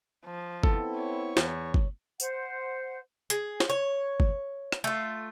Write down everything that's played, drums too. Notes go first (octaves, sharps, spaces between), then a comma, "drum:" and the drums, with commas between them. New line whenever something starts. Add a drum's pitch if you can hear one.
F3
B3 C4 E4 A4, drum: kick G1
C#5
E2, drum: snare
drum: kick G1
C5 F#5, drum: tambourine
G#4, drum: hi-hat
drum: snare
C#5
drum: kick G1
drum: rim click
A3 F4